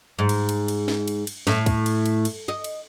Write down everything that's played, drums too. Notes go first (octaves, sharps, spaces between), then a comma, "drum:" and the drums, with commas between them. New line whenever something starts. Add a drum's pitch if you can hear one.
G#2
drum: cymbal
drum: cymbal
drum: cymbal
drum: snare
drum: cymbal
drum: cymbal
A2, drum: snare
drum: kick, cymbal
drum: cymbal
drum: cymbal
drum: cymbal
D#5
drum: cymbal